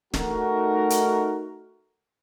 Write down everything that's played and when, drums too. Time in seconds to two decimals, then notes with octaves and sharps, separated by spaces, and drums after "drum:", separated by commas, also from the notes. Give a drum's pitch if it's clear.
0.14 A3 D#4 F#4 A#4, drum: snare
0.90 drum: hi-hat